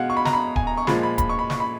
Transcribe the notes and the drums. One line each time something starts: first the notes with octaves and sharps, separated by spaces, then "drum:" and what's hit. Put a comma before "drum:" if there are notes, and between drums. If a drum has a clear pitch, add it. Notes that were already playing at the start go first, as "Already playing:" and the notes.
Already playing: B2 G#3 F5 F#5
C#6
B5
A#5, drum: snare
B5
G#5, drum: kick D1
A#5
C#6
A#2 F3 G#3 B5, drum: snare
B5
B5, drum: kick D1, hi-hat
C#6
B5
C#6, drum: snare
B5